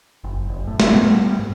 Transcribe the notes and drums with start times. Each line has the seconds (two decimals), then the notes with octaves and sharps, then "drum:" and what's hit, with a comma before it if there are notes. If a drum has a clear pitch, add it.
0.24 F#1
0.49 F#1
0.67 A2
0.80 A#2, drum: snare
0.92 B3
1.05 G3
1.24 G3
1.39 G#2